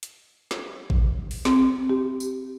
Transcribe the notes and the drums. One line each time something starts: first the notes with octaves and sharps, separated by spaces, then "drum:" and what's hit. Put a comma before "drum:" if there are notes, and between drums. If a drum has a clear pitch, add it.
drum: hi-hat
drum: snare
drum: kick A1
drum: open hi-hat
C4, drum: snare
G4
drum: tambourine